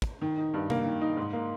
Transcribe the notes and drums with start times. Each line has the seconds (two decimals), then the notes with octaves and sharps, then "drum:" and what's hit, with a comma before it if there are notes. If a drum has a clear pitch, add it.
0.02 drum: kick
0.22 D#3
0.38 D#4
0.54 G2
0.70 A#3, drum: tom C3
0.85 D#3
1.01 D#4
1.17 G#2
1.33 A#3